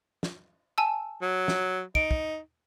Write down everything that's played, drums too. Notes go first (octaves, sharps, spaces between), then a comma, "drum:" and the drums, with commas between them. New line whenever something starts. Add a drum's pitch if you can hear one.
drum: snare
G#5 A5 E6
F#3
drum: snare
D#4 D7, drum: kick
drum: kick